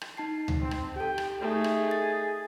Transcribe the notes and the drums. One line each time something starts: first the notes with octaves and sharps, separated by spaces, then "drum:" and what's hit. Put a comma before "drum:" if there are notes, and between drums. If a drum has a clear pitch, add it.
drum: rim click
D#4 A5 C7
drum: tom D2
C4
drum: rim click
G4 A4 G5
drum: rim click
A3 D#4 G#4
drum: rim click
A6